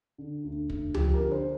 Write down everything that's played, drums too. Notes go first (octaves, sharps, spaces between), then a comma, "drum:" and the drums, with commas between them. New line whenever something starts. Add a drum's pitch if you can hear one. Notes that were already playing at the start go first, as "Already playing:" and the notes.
D3
D2
D2, drum: kick
F3 G4, drum: tom C#2
A#4
D3
C5